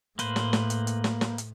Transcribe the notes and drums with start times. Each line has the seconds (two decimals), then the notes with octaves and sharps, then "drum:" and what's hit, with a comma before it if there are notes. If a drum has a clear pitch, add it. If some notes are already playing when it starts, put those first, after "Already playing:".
0.19 A2 A#3 B4 C5, drum: hi-hat
0.36 drum: snare
0.53 drum: snare
0.70 drum: hi-hat
0.87 drum: hi-hat
1.04 drum: snare
1.21 drum: snare
1.38 drum: hi-hat